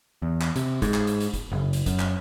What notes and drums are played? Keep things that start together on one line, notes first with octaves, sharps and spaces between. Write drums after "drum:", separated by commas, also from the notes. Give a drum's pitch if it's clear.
E2
drum: clap
C3, drum: hi-hat
G#2, drum: kick F#1, hi-hat
drum: clap
drum: hi-hat
drum: hi-hat
drum: kick F#1, hi-hat
F#1
drum: hi-hat
F#2, drum: kick F#1, hi-hat
drum: clap